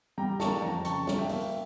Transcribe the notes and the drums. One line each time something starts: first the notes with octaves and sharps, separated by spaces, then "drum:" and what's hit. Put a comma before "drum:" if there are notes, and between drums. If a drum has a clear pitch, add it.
G3 G5 A#5
A#3 A5 C#6, drum: snare
F2 G5 A#5
C#3 A5 C#6, drum: hi-hat
G3, drum: snare
E5 G5
A#3, drum: open hi-hat